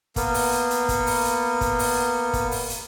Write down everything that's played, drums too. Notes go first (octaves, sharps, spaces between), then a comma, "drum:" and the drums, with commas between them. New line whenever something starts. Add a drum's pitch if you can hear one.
A#3 B3, drum: kick, hi-hat
drum: open hi-hat
drum: hi-hat
drum: hi-hat
drum: kick, hi-hat
drum: open hi-hat
drum: hi-hat
drum: kick, hi-hat
drum: open hi-hat
drum: kick, hi-hat
drum: open hi-hat
drum: hi-hat